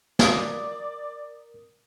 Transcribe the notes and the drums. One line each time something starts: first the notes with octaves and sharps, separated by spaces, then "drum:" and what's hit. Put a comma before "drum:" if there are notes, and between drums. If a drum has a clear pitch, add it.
A#4 D5 D#6, drum: snare